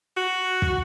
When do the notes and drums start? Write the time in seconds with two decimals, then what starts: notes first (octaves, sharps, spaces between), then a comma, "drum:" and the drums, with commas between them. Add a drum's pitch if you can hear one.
0.17 F#4
0.62 drum: kick